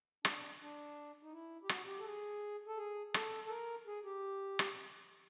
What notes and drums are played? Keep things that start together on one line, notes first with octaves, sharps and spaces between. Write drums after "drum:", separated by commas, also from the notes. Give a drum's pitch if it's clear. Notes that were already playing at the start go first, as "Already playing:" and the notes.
D4, drum: rim click
D4
D#4
E4
G4
F#4, drum: rim click
G4
A4
G#4
A4
G#4
A4, drum: rim click
A4
A#4
G#4
G4
drum: rim click